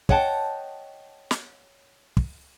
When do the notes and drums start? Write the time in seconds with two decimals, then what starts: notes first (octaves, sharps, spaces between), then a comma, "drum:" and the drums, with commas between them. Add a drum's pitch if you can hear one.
0.09 C#5 D#5 F#5 G5 A5, drum: kick
1.31 drum: snare
2.17 drum: kick